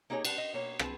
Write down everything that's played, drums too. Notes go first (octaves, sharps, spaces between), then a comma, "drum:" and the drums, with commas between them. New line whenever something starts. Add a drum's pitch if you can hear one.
A#3 D#4 G4 G#4 C#5 A#5
G3 B4 F#5 A5, drum: cymbal
D#5
B2 A#3 C#5
C4 G#4 B4 A5, drum: rim click